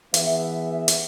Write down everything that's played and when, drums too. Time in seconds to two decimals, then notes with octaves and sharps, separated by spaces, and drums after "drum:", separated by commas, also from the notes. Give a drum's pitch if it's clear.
0.14 E3 B3 G#4 B4 E5, drum: hi-hat
0.88 drum: hi-hat